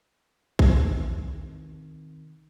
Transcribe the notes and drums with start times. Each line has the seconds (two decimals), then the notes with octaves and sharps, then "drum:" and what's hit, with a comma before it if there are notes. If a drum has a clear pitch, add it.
0.59 C3 D#3, drum: kick A#1